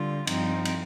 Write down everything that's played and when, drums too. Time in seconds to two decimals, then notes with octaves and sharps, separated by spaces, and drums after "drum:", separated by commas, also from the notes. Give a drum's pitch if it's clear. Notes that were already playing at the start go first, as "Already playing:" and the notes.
Already playing: D3 G3 F4
0.27 G2 F3 C4 D#4, drum: cymbal
0.65 drum: cymbal